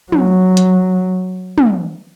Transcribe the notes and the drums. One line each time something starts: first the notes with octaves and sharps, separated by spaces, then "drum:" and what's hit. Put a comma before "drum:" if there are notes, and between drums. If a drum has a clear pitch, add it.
F#3, drum: tom
drum: hi-hat
drum: tom